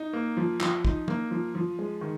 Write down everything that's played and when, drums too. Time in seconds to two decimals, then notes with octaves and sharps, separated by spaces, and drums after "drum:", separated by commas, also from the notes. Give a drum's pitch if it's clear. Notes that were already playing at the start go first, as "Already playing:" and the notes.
Already playing: D#4
0.13 A#3
0.37 F3
0.60 F3, drum: clap
0.85 D#4, drum: kick
1.08 A#3, drum: tom
1.31 F3
1.55 F3
1.79 G#3
2.01 D#3